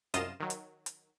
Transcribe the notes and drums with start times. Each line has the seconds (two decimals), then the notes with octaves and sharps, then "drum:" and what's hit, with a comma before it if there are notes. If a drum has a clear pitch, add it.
0.14 C2 F#2 F4 D#5 D#6 E7, drum: hi-hat
0.40 D#3 F#3
0.50 drum: hi-hat
0.86 drum: hi-hat